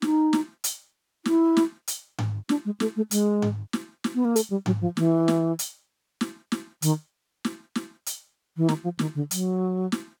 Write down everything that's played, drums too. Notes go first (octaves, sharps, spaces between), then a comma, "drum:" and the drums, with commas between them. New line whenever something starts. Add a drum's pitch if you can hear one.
D#4, drum: snare
drum: snare
drum: hi-hat
E4, drum: snare
drum: snare
drum: hi-hat
drum: tom G#2
D4, drum: snare
G#3
A3, drum: snare
A3
G#3, drum: hi-hat
drum: tom G#2
drum: snare
drum: snare
B3
A#3
A3, drum: hi-hat
G3
F#3, drum: tom G#2
F3
E3, drum: snare
drum: snare
drum: hi-hat
drum: snare
drum: snare
D#3, drum: hi-hat
drum: snare
drum: snare
drum: hi-hat
E3
D#3, drum: snare
F3
D#3, drum: snare
D3
F#3, drum: hi-hat
drum: snare